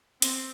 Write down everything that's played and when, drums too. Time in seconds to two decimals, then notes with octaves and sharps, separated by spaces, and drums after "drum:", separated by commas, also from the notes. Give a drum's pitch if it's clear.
0.22 C4, drum: hi-hat